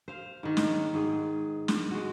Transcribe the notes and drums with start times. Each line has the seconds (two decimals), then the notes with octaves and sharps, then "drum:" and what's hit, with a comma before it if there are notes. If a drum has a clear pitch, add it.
0.08 C5 F5
0.43 G#2 D#3
0.57 drum: snare
0.67 C#5
0.94 G#2 G#4
1.68 drum: snare
1.91 G#3 F#4